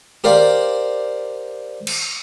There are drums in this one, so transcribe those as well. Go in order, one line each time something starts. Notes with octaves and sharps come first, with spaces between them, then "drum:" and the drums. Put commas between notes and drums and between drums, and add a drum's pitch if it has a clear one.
G4 A#4 C5 D5 F5
drum: cymbal